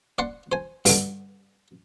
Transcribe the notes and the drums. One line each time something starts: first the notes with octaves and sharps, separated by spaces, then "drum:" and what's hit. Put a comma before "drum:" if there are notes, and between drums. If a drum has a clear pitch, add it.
D5 F#5 C6
C5 G#5
G2 D3, drum: open hi-hat